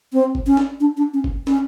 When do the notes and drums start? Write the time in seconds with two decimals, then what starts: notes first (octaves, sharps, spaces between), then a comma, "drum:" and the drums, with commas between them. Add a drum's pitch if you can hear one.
0.13 C4
0.35 drum: kick G1
0.47 C#4
0.57 drum: snare
0.80 D4
0.97 D4
1.14 C#4
1.24 drum: kick G1
1.47 C#4, drum: snare